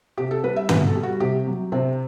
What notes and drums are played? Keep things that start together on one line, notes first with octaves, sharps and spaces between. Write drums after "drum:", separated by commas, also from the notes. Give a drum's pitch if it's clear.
C3 G4
A4
G3 B4
E5
B2 B4, drum: tom
A4
G3
F#4
C3 G4
F#3
C3 C4